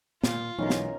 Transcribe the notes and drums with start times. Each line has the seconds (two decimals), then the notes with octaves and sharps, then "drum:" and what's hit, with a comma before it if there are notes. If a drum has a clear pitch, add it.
0.23 A#2 F4, drum: snare
0.58 B1 E3 C#4 D#4 A#4
0.70 drum: snare